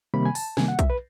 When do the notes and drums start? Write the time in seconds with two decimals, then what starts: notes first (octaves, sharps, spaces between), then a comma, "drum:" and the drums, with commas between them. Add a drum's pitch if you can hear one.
0.14 C3 D#3 G3 A#3 B5
0.25 G#5
0.35 A5, drum: open hi-hat
0.57 C3 D#3 G3 A#3 G#5, drum: snare
0.68 F#5
0.79 E5, drum: kick, hi-hat
0.90 B4